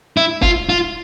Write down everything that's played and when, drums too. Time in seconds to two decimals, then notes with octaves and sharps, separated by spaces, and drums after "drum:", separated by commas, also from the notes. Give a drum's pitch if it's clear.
0.17 E4
0.42 F4, drum: kick F1
0.69 F4